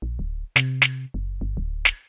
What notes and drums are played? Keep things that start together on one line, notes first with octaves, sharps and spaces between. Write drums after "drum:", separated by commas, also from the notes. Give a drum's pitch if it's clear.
A#1
D1
C3, drum: snare
drum: snare
F#1
G1
D1
drum: snare